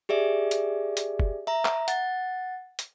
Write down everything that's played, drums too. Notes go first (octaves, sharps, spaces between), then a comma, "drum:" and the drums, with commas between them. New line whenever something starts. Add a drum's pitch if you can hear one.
G4 G#4 D5 E5
drum: hi-hat
drum: hi-hat
drum: kick
E5 A#5
drum: clap
F#5 A6, drum: hi-hat
drum: hi-hat